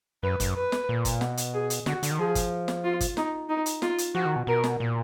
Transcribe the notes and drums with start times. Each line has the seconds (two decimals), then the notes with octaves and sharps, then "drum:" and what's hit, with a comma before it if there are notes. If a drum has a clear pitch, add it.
0.23 F#2 B4
0.40 F#2, drum: kick G1, hi-hat
0.56 B4
0.72 drum: snare
0.89 A#2
1.05 drum: kick G1, hi-hat
1.21 B2, drum: snare
1.37 drum: hi-hat
1.54 G#4
1.70 drum: hi-hat
1.86 D3 F#4, drum: snare
2.03 D3, drum: hi-hat
2.11 D#3
2.19 F3 G#4
2.35 drum: kick G1, hi-hat
2.68 drum: snare
2.84 F4
3.01 drum: kick G1, hi-hat
3.17 D#4, drum: snare
3.49 D#4
3.66 drum: hi-hat
3.82 F4, drum: snare
3.98 drum: hi-hat
4.15 F3 F#4
4.26 D#3
4.36 B2
4.47 B2 A#4
4.64 drum: snare
4.80 A#2